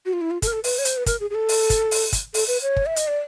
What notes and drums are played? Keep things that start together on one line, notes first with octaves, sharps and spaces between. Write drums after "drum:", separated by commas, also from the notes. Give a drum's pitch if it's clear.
F#4
F4
E4
F4
A4, drum: kick, hi-hat
A#4
A4
B4, drum: open hi-hat
C#5
C5, drum: hi-hat
B4
A#4, drum: kick, hi-hat
G#4
G#4
A4
drum: open hi-hat
drum: kick, hi-hat
drum: open hi-hat
drum: kick, hi-hat
A4, drum: open hi-hat
B4
C#5
drum: kick
E5
D#5, drum: hi-hat
D5